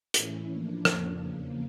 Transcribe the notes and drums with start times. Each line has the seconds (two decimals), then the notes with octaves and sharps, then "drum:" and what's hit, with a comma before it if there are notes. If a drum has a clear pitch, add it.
0.14 A2 E3 C#4 E4, drum: hi-hat
0.50 A2 F3 A#3 D4
0.85 F2 C#3 F3, drum: rim click
1.21 E2 C#3 F3 A#3